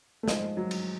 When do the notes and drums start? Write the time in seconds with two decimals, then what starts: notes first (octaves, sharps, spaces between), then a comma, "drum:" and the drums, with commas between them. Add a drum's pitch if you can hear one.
0.23 A3
0.28 G#2 F3 G#3, drum: snare
0.57 F#3
0.71 drum: cymbal